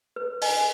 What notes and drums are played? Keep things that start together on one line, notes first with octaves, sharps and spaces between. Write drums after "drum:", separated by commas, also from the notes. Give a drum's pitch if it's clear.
B4
D#5 G#5, drum: open hi-hat